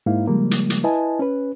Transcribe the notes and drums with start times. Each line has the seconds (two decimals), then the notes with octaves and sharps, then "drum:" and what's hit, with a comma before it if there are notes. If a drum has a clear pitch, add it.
0.06 G#2 A#3 D#4 E4 F5
0.27 C#3 F3 G3 G#3 A#3
0.51 drum: hi-hat
0.70 drum: hi-hat
0.84 E4 B4 D#5 G#5 A5
1.19 C#4 B4